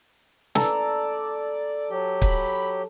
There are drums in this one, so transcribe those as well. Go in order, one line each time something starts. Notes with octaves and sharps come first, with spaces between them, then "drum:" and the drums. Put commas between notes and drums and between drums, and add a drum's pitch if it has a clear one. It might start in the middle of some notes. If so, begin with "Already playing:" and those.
A4 D5 A#5, drum: snare
F#3 G4
B5, drum: kick